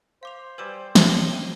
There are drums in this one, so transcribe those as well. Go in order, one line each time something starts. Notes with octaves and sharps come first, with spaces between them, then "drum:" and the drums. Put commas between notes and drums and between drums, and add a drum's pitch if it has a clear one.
C5 F5 D6 F7
G3 G4 B4 G#5 E6 E7
C4 C#5 D#5 E5, drum: snare